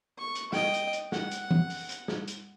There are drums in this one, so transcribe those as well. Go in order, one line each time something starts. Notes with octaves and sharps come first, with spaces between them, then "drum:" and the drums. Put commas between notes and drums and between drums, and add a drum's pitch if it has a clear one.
C#6
drum: hi-hat
D#5 G5, drum: snare
drum: hi-hat
drum: hi-hat
F#5, drum: snare
drum: hi-hat
drum: tom E3
drum: open hi-hat
drum: hi-hat
drum: snare
drum: hi-hat